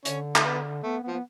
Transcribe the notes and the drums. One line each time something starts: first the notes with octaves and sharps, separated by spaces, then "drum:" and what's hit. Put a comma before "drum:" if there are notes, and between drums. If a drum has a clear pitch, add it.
D3 C#4, drum: hi-hat
A3, drum: clap
B3
A3 B3
B3
F3
B3